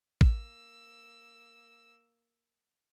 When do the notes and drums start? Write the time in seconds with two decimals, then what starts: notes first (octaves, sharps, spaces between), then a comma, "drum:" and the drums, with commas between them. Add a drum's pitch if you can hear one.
0.21 A#3 E6, drum: kick A1